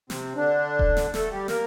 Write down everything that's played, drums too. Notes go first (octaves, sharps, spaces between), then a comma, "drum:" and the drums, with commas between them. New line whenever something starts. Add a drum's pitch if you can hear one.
C3 C4, drum: snare
D3 D4
drum: kick D#1
drum: snare
A3 A4, drum: snare
G3 G4
A#3 A#4, drum: snare